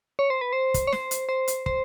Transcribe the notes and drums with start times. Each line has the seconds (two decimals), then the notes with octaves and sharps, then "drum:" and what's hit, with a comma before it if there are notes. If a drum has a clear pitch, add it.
0.19 C#5
0.30 C5
0.41 B4
0.53 C5
0.74 drum: kick, hi-hat
0.87 C#5
0.93 C5, drum: snare
1.11 drum: hi-hat
1.29 C5
1.48 drum: hi-hat
1.66 C5, drum: kick